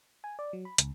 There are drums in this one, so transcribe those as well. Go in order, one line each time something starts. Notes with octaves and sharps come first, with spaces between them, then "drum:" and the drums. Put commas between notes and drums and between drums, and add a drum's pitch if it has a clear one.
G#5
D5
F#3
B5
C#2, drum: hi-hat